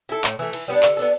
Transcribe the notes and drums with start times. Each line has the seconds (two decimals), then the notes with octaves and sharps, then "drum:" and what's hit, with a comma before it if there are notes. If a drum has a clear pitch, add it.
0.09 E4 A4
0.24 A2, drum: clap
0.39 E3 A3
0.53 E3, drum: cymbal
0.68 G3 B3 D4
0.83 D3, drum: clap
0.97 B3 D4 A4